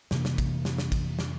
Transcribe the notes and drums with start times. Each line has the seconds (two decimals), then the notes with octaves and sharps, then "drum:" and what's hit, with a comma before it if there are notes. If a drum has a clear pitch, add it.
0.11 F2 C3 E3 A#3, drum: snare
0.25 drum: snare
0.38 drum: kick, cymbal
0.65 drum: snare
0.78 drum: snare
0.92 drum: kick, cymbal
1.19 drum: snare